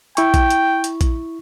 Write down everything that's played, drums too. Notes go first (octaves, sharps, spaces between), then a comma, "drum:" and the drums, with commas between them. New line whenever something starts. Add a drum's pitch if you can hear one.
E4 G5 C#6, drum: hi-hat
drum: kick A#1, hi-hat
drum: hi-hat
drum: hi-hat
drum: kick A#1, hi-hat